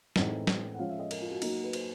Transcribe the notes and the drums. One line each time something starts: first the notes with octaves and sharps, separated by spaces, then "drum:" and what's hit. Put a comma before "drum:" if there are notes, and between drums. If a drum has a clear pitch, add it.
A2 E3 G#3 C4 D#4 F#5, drum: snare
drum: snare
F#5
F3 G#3 C#4 F4 F5
E5
D#5
A#4, drum: cymbal
F4
F#4
F#3 A#3 D#4, drum: cymbal
B4
C5, drum: cymbal